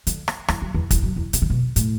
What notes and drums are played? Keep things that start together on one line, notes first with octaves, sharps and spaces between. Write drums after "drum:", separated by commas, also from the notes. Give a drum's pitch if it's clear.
D3, drum: hi-hat
drum: rim click
E2, drum: rim click
F#2
E2
E2, drum: kick, hi-hat
F#2
E2
B2, drum: hi-hat
C#3
B2
A2, drum: hi-hat